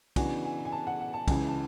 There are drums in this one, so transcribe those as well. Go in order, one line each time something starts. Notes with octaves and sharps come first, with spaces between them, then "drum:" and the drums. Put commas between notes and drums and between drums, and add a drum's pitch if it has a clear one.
C#3 E3 B3 D4 F#4 G#5, drum: kick, cymbal
G#5
G#5
A5
F#5
F#5
A5
C#2 C#3 E3 G#5, drum: kick, cymbal
A5